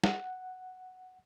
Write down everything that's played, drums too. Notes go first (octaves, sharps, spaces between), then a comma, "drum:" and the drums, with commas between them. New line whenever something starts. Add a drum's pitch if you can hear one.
F#5, drum: snare